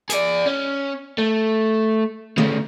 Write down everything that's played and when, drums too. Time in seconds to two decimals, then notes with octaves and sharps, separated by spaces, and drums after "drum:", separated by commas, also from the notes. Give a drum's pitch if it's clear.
0.10 G#4 D5, drum: hi-hat
0.46 C#4
1.18 A3
2.38 C#3 A3, drum: tom D3